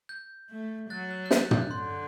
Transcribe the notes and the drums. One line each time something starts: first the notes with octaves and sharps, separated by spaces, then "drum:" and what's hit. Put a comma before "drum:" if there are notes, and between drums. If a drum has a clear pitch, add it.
G6
A3
F#3 F#6 A6
F#6
F#6
G6, drum: snare
F#6
G6, drum: tom
F#6
D3 C6